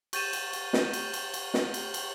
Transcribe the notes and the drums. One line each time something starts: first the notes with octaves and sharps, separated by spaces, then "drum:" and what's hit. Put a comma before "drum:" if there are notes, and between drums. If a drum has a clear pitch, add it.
C#6 G6 A6 D#7 E7, drum: cymbal
drum: cymbal
drum: cymbal
drum: snare
drum: cymbal
drum: cymbal
drum: cymbal
drum: snare
drum: cymbal
drum: cymbal